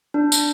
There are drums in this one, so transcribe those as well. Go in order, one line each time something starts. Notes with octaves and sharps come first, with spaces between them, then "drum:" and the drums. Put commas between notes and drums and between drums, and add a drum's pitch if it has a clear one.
D4
drum: tambourine